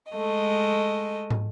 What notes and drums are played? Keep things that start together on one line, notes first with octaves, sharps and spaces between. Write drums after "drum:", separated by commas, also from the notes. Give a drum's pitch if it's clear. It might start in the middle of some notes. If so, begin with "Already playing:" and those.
G#3 A3 D#5
drum: tom